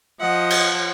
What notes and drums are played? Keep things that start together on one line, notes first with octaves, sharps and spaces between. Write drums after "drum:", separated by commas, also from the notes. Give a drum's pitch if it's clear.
F3 D#5 F#5
drum: cymbal